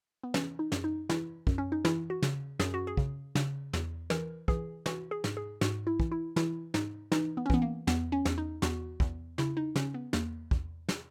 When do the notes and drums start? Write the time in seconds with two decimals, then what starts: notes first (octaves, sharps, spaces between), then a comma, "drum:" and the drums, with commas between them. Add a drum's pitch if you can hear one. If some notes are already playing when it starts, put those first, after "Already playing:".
0.23 B3
0.34 E3 C#4, drum: snare
0.59 D#4
0.72 F#2, drum: snare
0.84 D#4
1.09 E3 E4, drum: snare
1.47 F#2, drum: kick
1.58 C#4
1.72 D#4
1.85 E3 E4, drum: snare
2.10 F#4
2.22 C#3, drum: snare
2.59 F#2 G#4, drum: snare
2.74 F#4
2.87 G#4
2.97 C#3, drum: kick
3.35 C#3, drum: snare
3.73 E2, drum: snare
4.10 E3 A#4, drum: snare
4.48 E3 G#4, drum: kick
4.86 E3 F#4, drum: snare
5.11 G#4
5.24 G#2, drum: snare
5.37 G#4
5.61 G#2 F#4, drum: snare
5.87 E4
6.00 E3, drum: kick
6.12 E4
6.36 E3 E4, drum: snare
6.74 G#2 D#4, drum: snare
7.12 E3 D#4, drum: snare
7.37 B3
7.46 C#4
7.50 E3 B3, drum: kick
7.62 A#3
7.87 E2 B3, drum: snare
8.12 C#4
8.25 E2, drum: snare
8.38 D#4
8.62 E2 F#4, drum: snare
9.00 E2, drum: kick
9.38 C#3 E4, drum: snare
9.57 D#4
9.76 C#3 C#4, drum: snare
9.94 B3
10.13 E2 A#3, drum: snare
10.51 E2, drum: kick
10.89 drum: snare